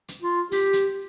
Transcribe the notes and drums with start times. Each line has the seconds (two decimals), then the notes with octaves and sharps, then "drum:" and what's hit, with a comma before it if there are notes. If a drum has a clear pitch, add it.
0.08 drum: hi-hat
0.22 F4
0.52 G4, drum: open hi-hat
0.73 drum: hi-hat